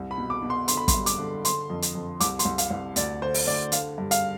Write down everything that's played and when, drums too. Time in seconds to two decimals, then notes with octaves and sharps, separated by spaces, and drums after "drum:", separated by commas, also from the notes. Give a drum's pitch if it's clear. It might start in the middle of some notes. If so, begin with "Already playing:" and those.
Already playing: C2
0.11 B5
0.18 B2
0.30 D6
0.42 B2
0.50 C6
0.68 D3 C6, drum: hi-hat
0.77 B5
0.88 C6, drum: kick, hi-hat
0.94 G2
1.06 D6, drum: hi-hat
1.19 D3
1.45 D3 C6, drum: hi-hat
1.70 F2
1.82 drum: hi-hat
1.95 F2
2.20 C2 D6, drum: hi-hat
2.39 C6, drum: hi-hat
2.45 C2
2.58 F5, drum: hi-hat
2.70 C2
2.96 D2 D5, drum: hi-hat
3.21 D3 C5
3.34 drum: open hi-hat
3.47 D2 D5
3.72 D3 F5, drum: hi-hat
3.98 G2
4.11 F5, drum: hi-hat